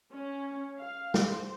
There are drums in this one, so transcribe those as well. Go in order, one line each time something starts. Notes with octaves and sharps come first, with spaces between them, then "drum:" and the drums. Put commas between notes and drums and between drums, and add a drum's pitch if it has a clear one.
C#4
F5
drum: snare
C5